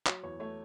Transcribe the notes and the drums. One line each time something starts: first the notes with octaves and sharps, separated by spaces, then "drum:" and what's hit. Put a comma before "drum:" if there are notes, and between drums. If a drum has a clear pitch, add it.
F#3 C#5, drum: clap
E2 C#5
A3 C#5